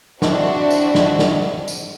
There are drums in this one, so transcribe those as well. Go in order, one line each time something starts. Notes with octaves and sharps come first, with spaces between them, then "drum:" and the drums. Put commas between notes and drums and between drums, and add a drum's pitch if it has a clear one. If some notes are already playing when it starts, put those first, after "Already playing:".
C4 D4 E4 F#4, drum: snare
drum: tambourine
drum: snare
drum: snare
drum: tambourine